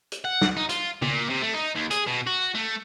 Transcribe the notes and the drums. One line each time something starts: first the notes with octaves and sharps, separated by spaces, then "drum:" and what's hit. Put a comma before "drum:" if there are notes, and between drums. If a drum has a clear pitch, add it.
drum: hi-hat
F#5
drum: snare
D#4
F4, drum: hi-hat
A#2, drum: tom
C3
A3
D#4
D#2
G#4, drum: hi-hat
B2
F#4
A3